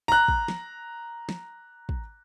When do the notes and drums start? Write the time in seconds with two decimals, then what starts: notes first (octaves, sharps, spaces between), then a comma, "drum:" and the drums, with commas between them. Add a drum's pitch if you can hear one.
0.08 A#5 F#6
0.28 drum: kick
0.48 drum: snare
1.29 drum: snare
1.89 drum: kick